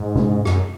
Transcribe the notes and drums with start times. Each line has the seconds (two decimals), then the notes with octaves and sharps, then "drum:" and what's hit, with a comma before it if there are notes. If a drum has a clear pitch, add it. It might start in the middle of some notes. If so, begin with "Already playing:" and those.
Already playing: G#2
0.15 drum: tom C3
0.45 F#2, drum: rim click